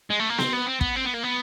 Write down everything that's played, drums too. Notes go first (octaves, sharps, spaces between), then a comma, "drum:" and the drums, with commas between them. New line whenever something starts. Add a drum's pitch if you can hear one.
G#3
A3
A#3
C4, drum: snare B3
B3
C4
B3, drum: kick
C4
B3
A#3
B3